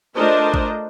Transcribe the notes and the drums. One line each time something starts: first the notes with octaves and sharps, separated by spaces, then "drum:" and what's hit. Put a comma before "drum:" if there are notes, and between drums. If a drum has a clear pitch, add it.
A3 D4 F4 A#4 C5 D#5
drum: kick